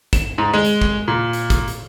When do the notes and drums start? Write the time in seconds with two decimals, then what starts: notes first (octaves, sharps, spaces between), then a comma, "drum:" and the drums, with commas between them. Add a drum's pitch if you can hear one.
0.13 E7, drum: kick, hi-hat
0.38 G#2
0.54 G#3
0.64 drum: hi-hat
0.81 drum: kick
1.08 A#2
1.33 drum: hi-hat
1.50 drum: kick, hi-hat
1.67 drum: hi-hat